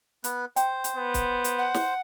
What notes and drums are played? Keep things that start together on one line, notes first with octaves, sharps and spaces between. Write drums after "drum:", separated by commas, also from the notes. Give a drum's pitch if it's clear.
B3 B4, drum: hi-hat
C5 G5, drum: hi-hat
drum: hi-hat
B3
drum: kick, hi-hat
drum: hi-hat
F#5
drum: snare